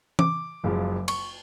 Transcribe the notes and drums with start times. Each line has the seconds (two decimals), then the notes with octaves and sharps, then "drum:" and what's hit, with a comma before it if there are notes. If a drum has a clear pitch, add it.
0.19 D6, drum: tom E3
0.64 F#1 F#2 C#3 F3 G#3
1.08 C#6, drum: cymbal